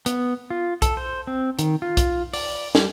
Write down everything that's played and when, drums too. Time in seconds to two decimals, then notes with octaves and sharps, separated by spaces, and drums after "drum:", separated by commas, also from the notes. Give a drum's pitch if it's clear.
0.06 B3, drum: hi-hat
0.50 F4
0.82 A4, drum: kick, hi-hat
0.97 C5
1.27 C4
1.59 D#3, drum: hi-hat
1.82 F4
1.97 drum: kick, hi-hat
2.34 D5, drum: open hi-hat
2.75 G3, drum: snare